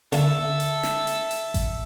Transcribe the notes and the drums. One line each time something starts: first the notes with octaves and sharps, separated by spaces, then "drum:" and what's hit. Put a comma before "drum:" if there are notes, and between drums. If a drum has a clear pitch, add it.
D3 E4 A4 E5, drum: hi-hat
drum: hi-hat
drum: snare
drum: hi-hat
drum: hi-hat
drum: kick A1, hi-hat